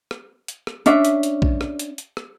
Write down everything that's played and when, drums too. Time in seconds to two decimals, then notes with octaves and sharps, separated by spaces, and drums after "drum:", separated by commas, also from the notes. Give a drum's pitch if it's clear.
0.11 drum: rim click
0.48 drum: hi-hat
0.67 drum: rim click
0.86 C#4 D4 E5, drum: hi-hat
1.05 drum: hi-hat
1.23 drum: hi-hat
1.42 drum: kick
1.61 drum: rim click
1.79 drum: hi-hat
1.98 drum: hi-hat
2.17 drum: rim click